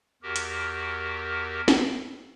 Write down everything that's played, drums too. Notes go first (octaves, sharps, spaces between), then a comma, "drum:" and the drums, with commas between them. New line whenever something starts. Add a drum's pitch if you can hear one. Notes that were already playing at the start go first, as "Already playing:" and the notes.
E2 F#4 G4 A#4
drum: hi-hat
drum: snare